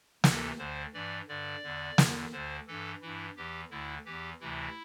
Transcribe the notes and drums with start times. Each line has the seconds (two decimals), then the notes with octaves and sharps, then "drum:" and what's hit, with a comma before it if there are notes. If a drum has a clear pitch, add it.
0.24 D2 C3 E3 A4, drum: snare
0.58 D2 D3 C5
0.94 G2 E3 D5
1.28 G2 D3 D5
1.64 E2 D3
1.98 E2 D3, drum: snare
2.32 D2 D3 C5
2.67 G2 E3 A4
3.02 G2 E3 E4
3.36 E2 E3 G4
3.70 D2 D3 E4
4.06 E2 E3 G4
4.40 D2 C3 E3 E4